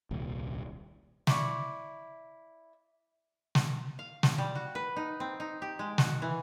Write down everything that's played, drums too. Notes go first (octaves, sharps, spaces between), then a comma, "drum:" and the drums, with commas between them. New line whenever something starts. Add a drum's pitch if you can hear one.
D#1 C2
E4 D5 C#6, drum: snare
drum: snare
F5
drum: snare
G3
F#4
B4
D#4
C4
D#4
G4
G#3
F#4, drum: snare
E3